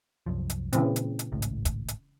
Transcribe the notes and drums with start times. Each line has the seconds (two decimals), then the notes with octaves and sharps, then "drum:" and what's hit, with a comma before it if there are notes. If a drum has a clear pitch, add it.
0.26 C2 F#2 F3
0.50 drum: hi-hat
0.73 A#2 C#3 E3 A#3 C4, drum: hi-hat
0.96 drum: hi-hat
1.19 drum: hi-hat
1.32 G#1 C#2 A2
1.42 drum: hi-hat
1.65 drum: kick, hi-hat
1.88 drum: hi-hat